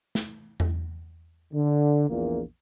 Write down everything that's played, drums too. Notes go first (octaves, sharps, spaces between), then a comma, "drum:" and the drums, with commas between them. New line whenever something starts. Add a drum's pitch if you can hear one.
drum: snare
drum: tom E2
D3
A#1 E2 A#2 A#3